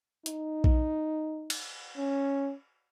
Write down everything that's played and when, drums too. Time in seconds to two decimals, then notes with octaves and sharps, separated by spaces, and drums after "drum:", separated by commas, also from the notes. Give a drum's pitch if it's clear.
0.26 D#4, drum: hi-hat
0.64 drum: kick A#1
1.50 drum: cymbal
1.97 C#4